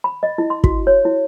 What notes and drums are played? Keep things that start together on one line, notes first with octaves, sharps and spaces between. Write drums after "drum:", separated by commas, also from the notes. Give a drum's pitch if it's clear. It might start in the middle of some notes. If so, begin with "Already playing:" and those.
B5
D#5
E4
C6
F#4, drum: kick
C#5
E4